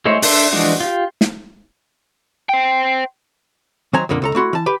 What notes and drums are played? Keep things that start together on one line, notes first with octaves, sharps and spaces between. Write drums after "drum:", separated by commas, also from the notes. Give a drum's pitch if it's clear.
G#3 A3 E4 C5 C#5
D4 A4 E5 C6, drum: open hi-hat
E3 F3 G#3 D4 F#4
F4 G4
drum: snare
C5 G5
D#3 F#3 C5 G#5 A#5
F2 A#2 D3 A#3
C#2 A4 A#5
A3 E4 F#4 C6
E3 A5
G4 B4